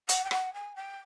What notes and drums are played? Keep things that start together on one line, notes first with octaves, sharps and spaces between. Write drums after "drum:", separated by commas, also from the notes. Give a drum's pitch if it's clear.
F#5, drum: hi-hat
G5
F#5, drum: rim click
G#5
G5